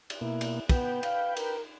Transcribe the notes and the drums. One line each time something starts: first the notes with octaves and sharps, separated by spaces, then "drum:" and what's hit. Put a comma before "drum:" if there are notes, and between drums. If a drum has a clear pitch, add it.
drum: cymbal
B2 A#3 E4
drum: cymbal
B3 B4 G5, drum: kick, cymbal
F5, drum: cymbal
A#4, drum: cymbal